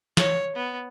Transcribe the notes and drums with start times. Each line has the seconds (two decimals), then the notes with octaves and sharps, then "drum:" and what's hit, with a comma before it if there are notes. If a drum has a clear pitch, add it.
0.17 C#5, drum: snare
0.56 B3